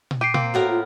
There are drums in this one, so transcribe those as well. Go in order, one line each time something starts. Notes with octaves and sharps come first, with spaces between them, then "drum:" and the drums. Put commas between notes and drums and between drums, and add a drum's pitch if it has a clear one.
drum: tom A#2
G4 C7 D7 D#7
A#3 C4, drum: tom A#2
A2 B3 F#4 A#4
F4